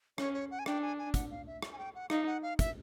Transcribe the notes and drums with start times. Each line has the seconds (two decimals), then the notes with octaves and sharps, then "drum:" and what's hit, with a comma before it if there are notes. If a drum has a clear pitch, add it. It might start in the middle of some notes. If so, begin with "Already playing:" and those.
0.18 C#4 C#5, drum: rim click
0.34 C#5
0.51 F#5
0.59 G#5
0.66 D4 G5, drum: rim click
0.82 G#5
0.99 G#5
1.14 F#5, drum: kick, hi-hat
1.31 F5
1.47 E5
1.62 drum: rim click
1.73 G#5
1.78 G5
1.95 F#5
2.10 D#4 F5, drum: rim click
2.26 F#5
2.43 F5
2.59 E5, drum: kick, hi-hat